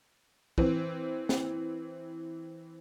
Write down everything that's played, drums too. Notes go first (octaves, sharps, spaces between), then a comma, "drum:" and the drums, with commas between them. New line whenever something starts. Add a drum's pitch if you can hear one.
E3 C4, drum: kick
drum: snare